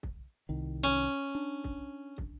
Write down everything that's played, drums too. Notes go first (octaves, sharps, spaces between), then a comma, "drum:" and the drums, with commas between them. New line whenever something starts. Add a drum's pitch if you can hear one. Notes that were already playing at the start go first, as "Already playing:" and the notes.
drum: kick
C2 D#3
C#4
D4
drum: kick
drum: kick